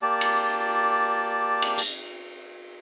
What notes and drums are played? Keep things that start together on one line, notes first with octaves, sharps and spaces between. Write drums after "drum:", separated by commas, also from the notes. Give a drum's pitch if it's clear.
A#3 G4 D5 A5
drum: cymbal
drum: cymbal
drum: tambourine